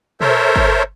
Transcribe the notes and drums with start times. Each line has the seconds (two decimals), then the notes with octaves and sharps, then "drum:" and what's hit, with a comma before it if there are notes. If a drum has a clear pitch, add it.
0.21 A4 A#4 C5 C#5 E5, drum: tom
0.56 drum: kick G1